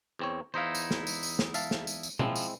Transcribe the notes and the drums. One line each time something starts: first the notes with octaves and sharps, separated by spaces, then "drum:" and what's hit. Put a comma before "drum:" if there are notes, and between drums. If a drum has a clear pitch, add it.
E2 C4 C#5
E2 D#4 E4 C5 F5
drum: tambourine
drum: snare
drum: tambourine
drum: tambourine
drum: snare
E5 F5 A5, drum: tambourine
drum: snare
drum: tambourine
drum: tambourine
F3 G#3 C4 E4, drum: tom B2
drum: tambourine